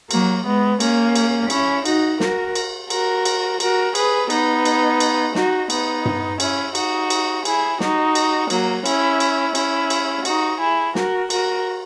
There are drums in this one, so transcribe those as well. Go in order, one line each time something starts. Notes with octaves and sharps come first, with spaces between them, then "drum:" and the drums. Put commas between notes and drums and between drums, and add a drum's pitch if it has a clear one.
F#3 A#3, drum: cymbal
G#3 B3
A#3 C#4, drum: cymbal
drum: cymbal
C#4 E4, drum: cymbal
D#4 F#4, drum: cymbal
F#4 A#4, drum: snare
drum: cymbal
F#4 A#4, drum: cymbal
drum: cymbal
F#4 A#4, drum: cymbal
G#4 B4, drum: cymbal
B3 D#4, drum: cymbal
drum: cymbal
drum: cymbal
D#4 F#4, drum: snare
B3 D#4, drum: cymbal
drum: tom G2
C#4 E4, drum: cymbal
D#4 F#4, drum: cymbal
drum: cymbal
E4 G#4, drum: cymbal
D#4 F#4, drum: snare
drum: cymbal
F#3 A#3, drum: cymbal
C#4 E4, drum: cymbal
drum: cymbal
C#4 E4, drum: cymbal
drum: cymbal
D#4 F#4, drum: cymbal
E4 G#4
F#4 A#4, drum: snare
F#4 A#4, drum: cymbal